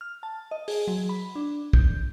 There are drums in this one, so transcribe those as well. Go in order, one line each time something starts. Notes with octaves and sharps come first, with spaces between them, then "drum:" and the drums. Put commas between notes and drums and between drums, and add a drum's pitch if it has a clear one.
F6
A5
D#5
G#4, drum: open hi-hat
F#3
B5
D4
G6, drum: kick